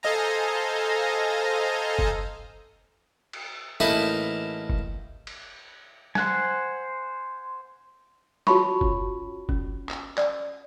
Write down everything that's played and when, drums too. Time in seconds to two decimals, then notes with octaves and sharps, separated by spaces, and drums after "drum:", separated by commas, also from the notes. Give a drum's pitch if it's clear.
0.03 A4 C5 D#5 F5 G#5 A#5
1.99 drum: kick
3.33 drum: cymbal
3.80 A1 A#3 D#4 E4 A4 B4, drum: tom
4.70 drum: kick
5.27 drum: cymbal
6.15 C5 F#5 G#5, drum: snare
8.47 F4 F#4 C#5 A5 B5 C#6, drum: snare
8.81 C#4, drum: kick
9.49 C#4, drum: kick
9.89 drum: clap
10.18 D5, drum: clap